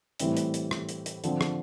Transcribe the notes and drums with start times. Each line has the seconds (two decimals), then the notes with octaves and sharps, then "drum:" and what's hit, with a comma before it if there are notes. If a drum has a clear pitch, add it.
0.20 A2 E3 G3 C4 E4, drum: hi-hat
0.37 drum: hi-hat
0.54 drum: hi-hat
0.71 drum: rim click
0.89 drum: hi-hat
1.06 drum: hi-hat
1.24 D3 F3 C4, drum: hi-hat
1.41 drum: rim click